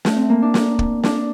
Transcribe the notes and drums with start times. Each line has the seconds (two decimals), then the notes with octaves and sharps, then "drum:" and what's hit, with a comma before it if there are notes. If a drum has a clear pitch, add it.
0.05 A3, drum: snare
0.17 C4
0.29 A#3
0.42 D4
0.54 drum: snare
0.79 drum: kick
1.04 D4, drum: snare